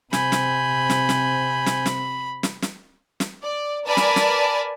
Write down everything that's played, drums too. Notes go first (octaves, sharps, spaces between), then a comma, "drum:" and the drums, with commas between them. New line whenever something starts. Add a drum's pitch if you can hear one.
C3 C4 G#5 B5 G6, drum: snare
drum: snare
drum: snare
drum: snare
drum: snare
drum: snare
drum: snare
drum: snare
drum: snare
D5
A#4 B4 D5 G#5 A5 B5
drum: snare
drum: snare